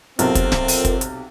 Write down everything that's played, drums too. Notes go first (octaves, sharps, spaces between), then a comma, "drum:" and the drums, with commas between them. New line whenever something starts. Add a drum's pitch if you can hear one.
B1 C3 C4 F4 A4 A#4, drum: hi-hat
drum: kick, hi-hat
drum: snare D1
drum: open hi-hat
drum: kick, hi-hat
drum: hi-hat